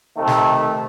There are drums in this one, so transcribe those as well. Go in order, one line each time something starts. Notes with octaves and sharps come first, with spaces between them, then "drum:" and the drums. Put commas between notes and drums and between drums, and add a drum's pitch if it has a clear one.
C3 D#3 A3
drum: snare